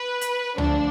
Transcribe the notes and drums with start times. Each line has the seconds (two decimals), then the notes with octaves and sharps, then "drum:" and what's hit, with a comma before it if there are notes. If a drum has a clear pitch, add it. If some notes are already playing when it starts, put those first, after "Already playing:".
Already playing: B4
0.21 drum: hi-hat
0.58 D2 D3 F3 D4, drum: tom C#2